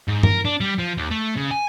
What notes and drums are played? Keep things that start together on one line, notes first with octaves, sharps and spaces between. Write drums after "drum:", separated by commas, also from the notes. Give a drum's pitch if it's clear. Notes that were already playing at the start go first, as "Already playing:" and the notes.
G#2
A#4, drum: tom G2
D4
G3
F3
D#2
A3
C#3
G#5